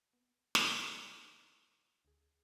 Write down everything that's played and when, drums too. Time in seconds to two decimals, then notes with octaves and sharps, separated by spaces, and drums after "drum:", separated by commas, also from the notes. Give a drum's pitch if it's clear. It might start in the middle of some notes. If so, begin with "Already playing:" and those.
0.13 B3
0.55 drum: snare
0.70 B4 G#5 G6
0.97 A3 B3 E4 A#4 C#5 F#5
2.05 D2 G#4